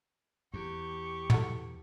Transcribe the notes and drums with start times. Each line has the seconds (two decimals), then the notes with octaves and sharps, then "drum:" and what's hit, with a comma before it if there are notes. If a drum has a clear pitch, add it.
0.54 E2 G4 C#6
1.30 E4 F#4 A4, drum: tom